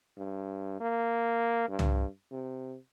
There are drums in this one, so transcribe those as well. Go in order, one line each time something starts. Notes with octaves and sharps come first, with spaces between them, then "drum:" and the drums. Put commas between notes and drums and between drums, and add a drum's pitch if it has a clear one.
G2
A#3
G2
drum: tom
C3